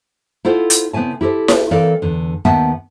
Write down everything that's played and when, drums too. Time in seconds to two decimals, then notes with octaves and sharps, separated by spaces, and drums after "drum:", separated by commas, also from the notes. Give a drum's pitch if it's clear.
0.45 E4 F4 A4 C5 F#5
0.70 drum: hi-hat
0.93 C#3 B3 C4 E4 G#5 A5
1.21 E4 G4 A4 C5
1.48 drum: snare E4
1.71 E3 C4 A4 A#4 D5 F5
2.02 E2 D3
2.45 D#2 B3 C4 E5 F#5 A5